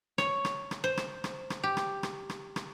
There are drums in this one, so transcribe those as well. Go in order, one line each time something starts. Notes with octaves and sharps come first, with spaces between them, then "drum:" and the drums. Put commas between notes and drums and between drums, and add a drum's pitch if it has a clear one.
C#5, drum: rim click
drum: rim click
drum: rim click
C5
drum: rim click
drum: rim click
drum: rim click
G4
drum: rim click
drum: rim click
drum: rim click
drum: rim click